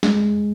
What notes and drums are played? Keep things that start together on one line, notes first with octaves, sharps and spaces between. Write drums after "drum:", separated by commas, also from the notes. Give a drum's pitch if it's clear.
G#3, drum: snare